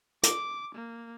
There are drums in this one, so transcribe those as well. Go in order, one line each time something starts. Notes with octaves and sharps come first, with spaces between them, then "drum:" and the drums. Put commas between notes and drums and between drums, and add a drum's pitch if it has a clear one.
D6, drum: hi-hat
A#3